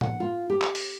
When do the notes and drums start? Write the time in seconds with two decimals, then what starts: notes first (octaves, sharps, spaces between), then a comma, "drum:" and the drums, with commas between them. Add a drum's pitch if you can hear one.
0.01 F#5, drum: tom A2
0.20 F4
0.50 G4
0.61 drum: clap
0.75 drum: open hi-hat